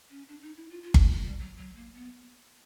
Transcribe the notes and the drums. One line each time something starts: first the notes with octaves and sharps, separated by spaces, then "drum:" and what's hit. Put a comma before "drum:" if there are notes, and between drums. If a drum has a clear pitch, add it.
C#4
D4
D#4
E4
F4
F4
drum: kick G1
G#3
G3
F#3
F#3
A#3
B3